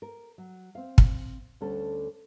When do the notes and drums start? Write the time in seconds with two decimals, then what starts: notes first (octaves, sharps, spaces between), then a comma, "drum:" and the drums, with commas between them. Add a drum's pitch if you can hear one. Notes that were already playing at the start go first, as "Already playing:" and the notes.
0.02 A#4
0.38 F#3
0.75 C4 F5
0.98 drum: kick
1.61 D2 D3 G3 C#4 A4 A5